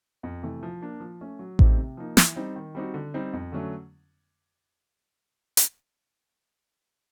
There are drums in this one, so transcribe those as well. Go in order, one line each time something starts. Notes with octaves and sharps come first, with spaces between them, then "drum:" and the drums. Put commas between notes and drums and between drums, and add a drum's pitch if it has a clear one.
F2
C3 E3 A3
F3
A#3 D4
F3
A3 C#4
F#3
A3 C4 D#4 G4, drum: kick A1
C3
F3 A#3 D#4
E3, drum: snare
G3 C4 D#4
D#3
G3 C4 D#4 F#4
D3
G3 C4 D#4
F2
D3 F#3 A3 C#4
drum: hi-hat